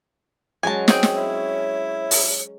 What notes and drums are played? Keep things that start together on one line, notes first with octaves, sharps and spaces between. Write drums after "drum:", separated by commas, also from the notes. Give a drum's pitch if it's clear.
F#3 G#3 C#4 G#5 A5
C4 G#4 G5, drum: snare
drum: snare
E4 C#5
drum: open hi-hat